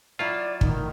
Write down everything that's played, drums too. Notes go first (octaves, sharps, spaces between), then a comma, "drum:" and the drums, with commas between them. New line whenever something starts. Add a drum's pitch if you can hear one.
F#3 E4 F4 D5
A2 D#3 D#4, drum: kick